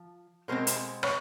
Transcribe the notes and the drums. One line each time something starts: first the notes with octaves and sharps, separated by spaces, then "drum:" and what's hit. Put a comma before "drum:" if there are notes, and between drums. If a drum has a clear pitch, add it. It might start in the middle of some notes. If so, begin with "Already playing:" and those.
Already playing: F3
B2 G#3 C4 A#4 C5
drum: hi-hat
B4 C#5, drum: rim click